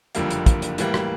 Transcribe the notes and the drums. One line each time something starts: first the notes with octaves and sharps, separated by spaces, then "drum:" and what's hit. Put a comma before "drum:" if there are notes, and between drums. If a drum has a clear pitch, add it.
F#1 F2 D3 G3 A#3, drum: hi-hat
drum: hi-hat
drum: kick, hi-hat
drum: hi-hat
A2 E3 G3 A#3, drum: hi-hat
drum: rim click